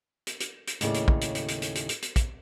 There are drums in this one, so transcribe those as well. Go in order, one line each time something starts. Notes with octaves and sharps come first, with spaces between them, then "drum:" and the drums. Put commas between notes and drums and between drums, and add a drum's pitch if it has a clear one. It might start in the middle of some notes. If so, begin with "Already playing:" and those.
drum: hi-hat
drum: hi-hat
drum: hi-hat
D#2 A2 C#3 A4 D5, drum: hi-hat
drum: hi-hat
drum: kick
drum: hi-hat
drum: hi-hat
drum: hi-hat
drum: hi-hat
drum: hi-hat
drum: hi-hat
drum: hi-hat
drum: kick, hi-hat